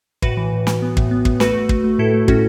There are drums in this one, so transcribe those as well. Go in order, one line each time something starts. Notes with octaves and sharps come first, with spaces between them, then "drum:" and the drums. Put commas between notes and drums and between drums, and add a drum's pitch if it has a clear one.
A2 F#4 B4, drum: kick
E3
A2
E3, drum: snare
B3
A2, drum: kick
B3
A2, drum: kick
A3 F#4 B4, drum: snare
A3
A3, drum: kick
A3
A2 E4 A4
A3
A2 C#4 F#4, drum: kick